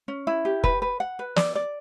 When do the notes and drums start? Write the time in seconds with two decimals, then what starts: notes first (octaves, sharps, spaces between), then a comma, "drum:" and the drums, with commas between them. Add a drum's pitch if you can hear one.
0.08 C#4
0.27 E4
0.45 G4
0.64 B4, drum: kick F1
0.82 B4
1.00 F#5
1.19 B4
1.36 D5, drum: snare
1.55 D5